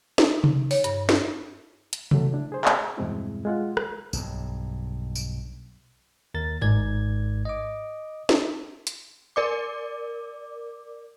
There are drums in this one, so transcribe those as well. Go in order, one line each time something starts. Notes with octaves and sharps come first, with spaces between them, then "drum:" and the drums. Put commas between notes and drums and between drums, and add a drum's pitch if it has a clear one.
D#4, drum: snare
drum: tom C3
C#5, drum: open hi-hat
G2, drum: hi-hat
drum: snare
drum: hi-hat
F#2 E3 F#3 A3, drum: tom C3
D4 E4
G#4 C5
drum: clap
E2 G2 B2 G#3 C4 E4
G#3 F4 F#5
drum: rim click
B1 G2, drum: tambourine
drum: tambourine
D#2 A#4 A6
G#1 G#2 A#4 D5 G#6, drum: tom G#2
D#5 D6
drum: snare
drum: hi-hat
A#4 D5 D6